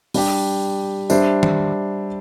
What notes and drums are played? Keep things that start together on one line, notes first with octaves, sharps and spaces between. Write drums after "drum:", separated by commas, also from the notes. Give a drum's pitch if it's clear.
G3 D4 G4, drum: open hi-hat
G3 D4 C5 E5, drum: tambourine
drum: tom